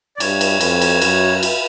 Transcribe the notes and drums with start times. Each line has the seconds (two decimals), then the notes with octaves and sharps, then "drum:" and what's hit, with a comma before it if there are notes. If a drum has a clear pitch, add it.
0.17 D5
0.20 G2 C#5, drum: cymbal
0.41 drum: cymbal
0.61 F2, drum: cymbal
0.81 drum: cymbal
1.02 F#2, drum: cymbal
1.43 drum: cymbal